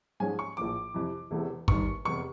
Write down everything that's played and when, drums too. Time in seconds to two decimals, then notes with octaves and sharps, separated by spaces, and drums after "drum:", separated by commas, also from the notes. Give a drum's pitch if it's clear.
0.20 G#2 F3 G#3 C#4 G#5
0.39 C#6
0.57 A#1 A2 F3 D6
0.94 F2 C3 E3
1.31 E1 E2 C3 E3 A3
1.68 G1 G2 D#3 C#6, drum: kick
2.05 F1 E2 C3 C#6